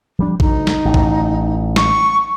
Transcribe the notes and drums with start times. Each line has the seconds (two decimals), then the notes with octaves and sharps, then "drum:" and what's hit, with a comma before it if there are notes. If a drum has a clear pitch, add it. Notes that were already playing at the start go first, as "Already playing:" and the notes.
0.19 F3 G3 D4
0.40 D2 D#4, drum: kick A1
0.67 drum: snare
0.85 A1
0.94 drum: kick A1
1.76 C#6, drum: snare